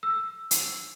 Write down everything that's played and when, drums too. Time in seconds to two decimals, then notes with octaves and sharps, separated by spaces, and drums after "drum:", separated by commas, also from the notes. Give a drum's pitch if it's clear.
0.03 E6
0.51 drum: hi-hat